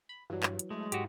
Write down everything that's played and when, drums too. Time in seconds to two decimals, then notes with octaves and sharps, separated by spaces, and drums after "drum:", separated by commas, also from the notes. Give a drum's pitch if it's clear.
0.09 B5
0.30 G2 E3 F#3
0.43 drum: clap
0.59 drum: hi-hat
0.70 G#3 A3
0.92 G#2 F#4 G4, drum: hi-hat